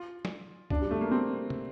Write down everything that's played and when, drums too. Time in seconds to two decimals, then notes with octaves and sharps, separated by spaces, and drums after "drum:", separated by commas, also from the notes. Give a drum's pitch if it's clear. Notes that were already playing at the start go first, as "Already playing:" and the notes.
Already playing: F4
0.25 drum: snare
0.70 D4, drum: kick C2
0.81 G3
0.91 A3
1.01 A#3
1.11 C4
1.50 drum: tom